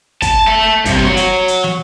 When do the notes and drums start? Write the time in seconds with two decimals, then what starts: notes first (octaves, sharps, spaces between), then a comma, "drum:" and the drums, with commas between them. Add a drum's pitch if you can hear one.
0.22 A5, drum: kick, hi-hat
0.47 E5 A5
0.85 G2 C3, drum: kick, hi-hat
1.05 F#3
1.17 drum: hi-hat
1.48 drum: hi-hat
1.64 drum: snare